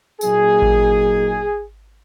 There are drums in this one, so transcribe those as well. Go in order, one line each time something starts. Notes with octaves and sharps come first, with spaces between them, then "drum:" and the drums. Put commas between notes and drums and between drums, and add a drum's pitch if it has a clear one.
A#2 F#3 A#3 D#4 G#4, drum: tambourine
drum: kick G#1